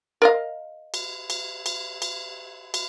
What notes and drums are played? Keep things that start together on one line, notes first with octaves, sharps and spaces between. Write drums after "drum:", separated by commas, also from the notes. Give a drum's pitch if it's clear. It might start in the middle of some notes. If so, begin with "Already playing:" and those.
A#4 D#5 F5
drum: cymbal
drum: cymbal
drum: cymbal
drum: cymbal
drum: cymbal